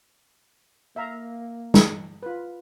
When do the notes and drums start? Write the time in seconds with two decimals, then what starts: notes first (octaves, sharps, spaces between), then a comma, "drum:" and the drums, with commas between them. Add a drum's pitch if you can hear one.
0.96 A#3 E5 F5 A#5
1.74 drum: snare
2.23 F4 B4